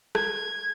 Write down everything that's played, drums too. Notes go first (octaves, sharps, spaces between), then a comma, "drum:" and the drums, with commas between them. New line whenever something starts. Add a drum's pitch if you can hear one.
G#6, drum: rim click